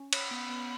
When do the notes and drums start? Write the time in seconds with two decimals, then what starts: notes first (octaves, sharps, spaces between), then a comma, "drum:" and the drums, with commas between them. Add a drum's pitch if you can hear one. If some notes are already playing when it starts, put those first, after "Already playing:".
Already playing: C#4
0.13 C#5 B5, drum: cymbal
0.31 B3
0.49 B3